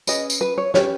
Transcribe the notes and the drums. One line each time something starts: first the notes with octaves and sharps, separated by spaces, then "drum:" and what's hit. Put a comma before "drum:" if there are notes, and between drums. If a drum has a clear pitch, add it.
C#4 G#4 B4 D#5, drum: tambourine
drum: tambourine
B4
C#5
C#4 G4 B4 C#5, drum: snare